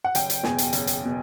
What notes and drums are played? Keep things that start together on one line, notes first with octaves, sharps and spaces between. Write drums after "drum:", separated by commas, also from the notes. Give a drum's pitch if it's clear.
F#5
F#1 G5, drum: hi-hat
drum: hi-hat
E2 B2 G#5, drum: snare
drum: hi-hat
F#1, drum: hi-hat
drum: hi-hat
B2